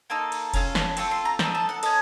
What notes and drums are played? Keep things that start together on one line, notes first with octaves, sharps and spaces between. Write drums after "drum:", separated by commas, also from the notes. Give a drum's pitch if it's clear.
A#3 D#4 A4 C6
drum: cymbal
C#4 F4 A4, drum: kick F1, cymbal
drum: snare
C4 F4 A4 C#6, drum: cymbal
C6
A#5
C4 D#4 A4 A5, drum: snare
A5
F#5
C#4 A4 D#5, drum: cymbal